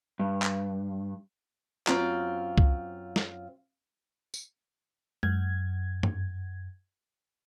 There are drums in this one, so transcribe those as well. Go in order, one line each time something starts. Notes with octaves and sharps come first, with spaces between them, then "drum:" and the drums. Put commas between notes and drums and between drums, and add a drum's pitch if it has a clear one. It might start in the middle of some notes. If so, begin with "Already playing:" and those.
G2
drum: clap
F#2 C4 F4 F5 A#5, drum: clap
drum: kick C2
drum: snare
drum: tambourine
F#2 G#6, drum: tom G#3
drum: tom G2